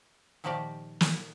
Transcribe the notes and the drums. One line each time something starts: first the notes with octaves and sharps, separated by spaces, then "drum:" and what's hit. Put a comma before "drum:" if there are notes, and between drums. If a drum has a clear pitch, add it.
A#2 D#3 F3 F#4 G4 D5
drum: snare